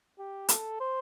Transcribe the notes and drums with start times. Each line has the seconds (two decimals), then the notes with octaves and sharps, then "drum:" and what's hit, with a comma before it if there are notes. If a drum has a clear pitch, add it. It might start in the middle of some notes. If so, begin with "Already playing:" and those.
0.18 G4
0.49 A4, drum: hi-hat
0.80 C5